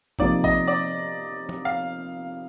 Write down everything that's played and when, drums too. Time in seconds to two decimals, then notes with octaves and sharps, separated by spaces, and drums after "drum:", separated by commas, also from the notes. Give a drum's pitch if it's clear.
0.19 C3 F3 A#3 D#4 D5, drum: kick A1
0.44 D#5, drum: kick A1
0.68 D5
1.49 drum: tom E3
1.65 F5